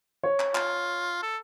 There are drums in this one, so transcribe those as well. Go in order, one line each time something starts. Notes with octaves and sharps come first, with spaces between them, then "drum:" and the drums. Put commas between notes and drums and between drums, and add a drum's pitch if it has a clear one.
C#5
drum: clap
F4, drum: clap
A4